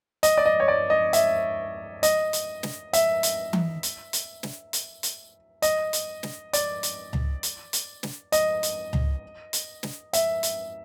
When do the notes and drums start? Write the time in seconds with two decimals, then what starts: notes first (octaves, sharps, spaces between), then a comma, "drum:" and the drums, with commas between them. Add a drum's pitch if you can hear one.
0.23 D#5, drum: hi-hat
0.38 D5
0.46 D#5
0.60 C#5
0.68 D5
0.90 D#5
1.13 E5, drum: hi-hat
2.03 D#5, drum: hi-hat
2.33 drum: hi-hat
2.63 drum: snare
2.93 E5, drum: hi-hat
3.23 drum: hi-hat
3.53 drum: tom E3
3.83 drum: hi-hat
4.13 drum: hi-hat
4.43 drum: snare
4.73 drum: hi-hat
5.03 drum: hi-hat
5.62 D#5, drum: hi-hat
5.93 drum: hi-hat
6.23 drum: snare
6.53 D5, drum: hi-hat
6.83 drum: hi-hat
7.13 drum: tom C#2
7.43 drum: hi-hat
7.73 drum: hi-hat
8.03 drum: snare
8.32 D#5, drum: hi-hat
8.63 drum: hi-hat
8.93 drum: tom C#2
9.53 drum: hi-hat
9.83 drum: snare
10.13 E5, drum: hi-hat
10.43 drum: hi-hat